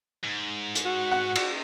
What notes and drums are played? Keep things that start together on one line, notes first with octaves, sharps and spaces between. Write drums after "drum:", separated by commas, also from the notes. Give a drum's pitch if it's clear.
G#2
drum: hi-hat
F#4
F#5
drum: cymbal